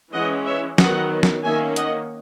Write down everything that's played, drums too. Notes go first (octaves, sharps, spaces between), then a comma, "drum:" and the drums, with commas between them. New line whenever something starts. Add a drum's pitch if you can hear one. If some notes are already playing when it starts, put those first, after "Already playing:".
E3 G#3 C#4 D#5 F#5
C#5 E5
D#3 F#3 B3 D#5 F#5, drum: snare
drum: snare
D#3 A#3 C#4 E5 G#5
D#5 F#5, drum: hi-hat